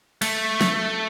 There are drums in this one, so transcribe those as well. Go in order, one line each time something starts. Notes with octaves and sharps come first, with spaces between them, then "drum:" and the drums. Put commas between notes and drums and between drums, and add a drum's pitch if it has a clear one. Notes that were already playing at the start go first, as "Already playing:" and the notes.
A3, drum: cymbal
drum: snare